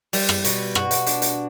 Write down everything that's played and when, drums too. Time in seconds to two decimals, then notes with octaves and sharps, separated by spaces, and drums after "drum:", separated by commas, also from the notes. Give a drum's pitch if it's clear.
0.13 G3, drum: open hi-hat
0.29 drum: rim click
0.44 B2, drum: hi-hat
0.75 F#4, drum: rim click
0.91 drum: hi-hat
1.06 D4, drum: hi-hat
1.22 drum: hi-hat